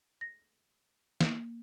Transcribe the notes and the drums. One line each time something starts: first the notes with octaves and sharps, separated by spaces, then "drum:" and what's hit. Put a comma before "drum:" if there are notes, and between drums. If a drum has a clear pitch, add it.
A#6
A#3, drum: snare